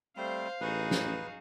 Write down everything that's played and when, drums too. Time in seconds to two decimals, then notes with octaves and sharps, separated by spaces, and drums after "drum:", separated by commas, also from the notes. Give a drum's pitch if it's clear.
0.17 G3 A3 C4 C5 F5
0.61 A1 D#4 F#4 G#4 B4
0.91 drum: snare